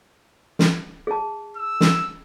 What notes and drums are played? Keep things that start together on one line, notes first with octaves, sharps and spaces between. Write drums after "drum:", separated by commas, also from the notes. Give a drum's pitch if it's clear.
drum: snare
G#4 A5
E6
drum: snare